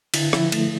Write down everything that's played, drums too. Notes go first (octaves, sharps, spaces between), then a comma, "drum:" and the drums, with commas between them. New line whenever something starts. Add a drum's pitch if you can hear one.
D3 E4, drum: cymbal
F3 E4, drum: rim click
A3, drum: cymbal